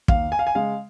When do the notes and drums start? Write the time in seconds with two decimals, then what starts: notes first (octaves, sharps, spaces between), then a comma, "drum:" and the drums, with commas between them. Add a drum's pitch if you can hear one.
0.08 D#2 F5, drum: kick
0.32 G#5
0.39 F5
0.47 G#5
0.55 C#3 G#3 F5